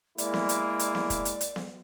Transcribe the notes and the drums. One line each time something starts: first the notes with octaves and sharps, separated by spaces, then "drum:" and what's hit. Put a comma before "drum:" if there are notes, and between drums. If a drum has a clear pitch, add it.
G#3 A#3 E4 D5, drum: hi-hat
drum: snare B3
drum: hi-hat
drum: hi-hat
drum: snare B3
drum: kick, hi-hat
drum: hi-hat
drum: hi-hat
drum: snare B3